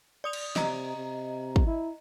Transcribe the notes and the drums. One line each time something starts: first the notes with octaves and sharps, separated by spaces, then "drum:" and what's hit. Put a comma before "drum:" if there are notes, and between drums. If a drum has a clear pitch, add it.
D5 D#6 F7
drum: cymbal
C3 D#5 A#5, drum: snare
C3
drum: kick
E4